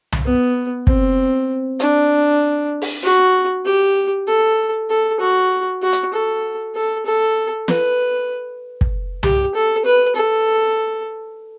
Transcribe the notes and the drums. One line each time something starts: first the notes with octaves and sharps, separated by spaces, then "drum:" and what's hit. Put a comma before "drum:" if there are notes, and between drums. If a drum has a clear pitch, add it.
drum: tom C2
B3
C4, drum: kick
D4, drum: hi-hat
drum: open hi-hat
F#4
G4
A4
A4
F#4
F#4
drum: hi-hat
A4
A4
A4
B4, drum: snare
drum: kick
G4, drum: tom C2
A4
B4
A4